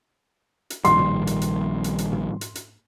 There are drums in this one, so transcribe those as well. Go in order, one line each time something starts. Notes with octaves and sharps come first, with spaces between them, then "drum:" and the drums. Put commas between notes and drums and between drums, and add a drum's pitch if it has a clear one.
drum: hi-hat
A#1 D#3 G3 C6, drum: hi-hat
drum: tom
drum: hi-hat
drum: hi-hat
drum: hi-hat
drum: hi-hat
drum: tom
drum: hi-hat
drum: hi-hat